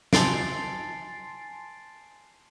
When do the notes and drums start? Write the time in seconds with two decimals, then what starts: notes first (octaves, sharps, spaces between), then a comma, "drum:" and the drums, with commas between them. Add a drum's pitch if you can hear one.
0.13 G#5 A5 C6 A6 C7 D7, drum: snare